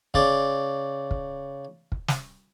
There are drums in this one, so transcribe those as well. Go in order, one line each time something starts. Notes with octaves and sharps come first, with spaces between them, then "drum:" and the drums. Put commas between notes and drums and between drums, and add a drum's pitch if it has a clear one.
C#3 D5, drum: kick
drum: kick
drum: kick
drum: snare